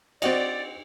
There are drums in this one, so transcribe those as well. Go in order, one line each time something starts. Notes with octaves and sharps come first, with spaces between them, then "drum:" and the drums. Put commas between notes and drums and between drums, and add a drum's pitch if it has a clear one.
C4 F#4 D5 D#5, drum: cymbal